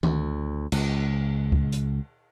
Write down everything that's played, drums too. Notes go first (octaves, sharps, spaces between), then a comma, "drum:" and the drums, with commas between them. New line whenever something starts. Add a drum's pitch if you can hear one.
D2, drum: tom D#3
C#2, drum: cymbal
drum: kick C#2
drum: hi-hat